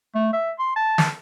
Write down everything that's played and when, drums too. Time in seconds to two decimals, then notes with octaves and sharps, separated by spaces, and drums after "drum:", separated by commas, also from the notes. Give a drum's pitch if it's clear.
0.15 A3
0.33 E5
0.59 C6
0.76 A5
0.98 drum: snare